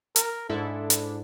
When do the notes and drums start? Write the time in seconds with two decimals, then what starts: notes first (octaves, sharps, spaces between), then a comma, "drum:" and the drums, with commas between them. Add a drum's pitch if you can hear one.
0.16 A#4, drum: hi-hat
0.49 G#2 D4 E4 A4
0.90 drum: hi-hat